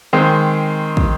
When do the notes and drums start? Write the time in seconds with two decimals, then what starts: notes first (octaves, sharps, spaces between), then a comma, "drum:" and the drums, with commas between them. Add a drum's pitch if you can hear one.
0.13 D#3 G#3 C4
0.97 drum: kick